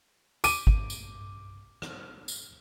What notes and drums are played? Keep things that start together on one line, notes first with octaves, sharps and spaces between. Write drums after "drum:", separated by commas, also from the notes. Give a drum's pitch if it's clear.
D6 D#7, drum: tambourine
drum: kick
drum: tambourine
drum: rim click
drum: tambourine